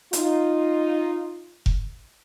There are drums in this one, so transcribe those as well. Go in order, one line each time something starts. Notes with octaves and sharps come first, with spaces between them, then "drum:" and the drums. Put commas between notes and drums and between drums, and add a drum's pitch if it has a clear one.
D#4 F4, drum: hi-hat
drum: kick F1